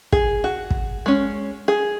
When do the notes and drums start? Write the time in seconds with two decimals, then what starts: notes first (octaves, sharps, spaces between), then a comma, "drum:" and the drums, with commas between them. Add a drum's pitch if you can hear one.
0.12 G#4, drum: kick
0.44 F#4
0.71 drum: kick
1.06 G#3 C#4
1.68 G#4